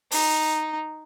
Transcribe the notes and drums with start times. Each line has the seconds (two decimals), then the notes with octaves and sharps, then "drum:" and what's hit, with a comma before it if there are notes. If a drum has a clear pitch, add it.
0.11 D#4, drum: open hi-hat